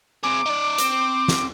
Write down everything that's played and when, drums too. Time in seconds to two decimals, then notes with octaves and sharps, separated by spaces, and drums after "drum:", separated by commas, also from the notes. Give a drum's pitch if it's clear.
0.23 C4 G#4 D6
0.46 D#4 D5
0.78 C4, drum: hi-hat
1.28 drum: snare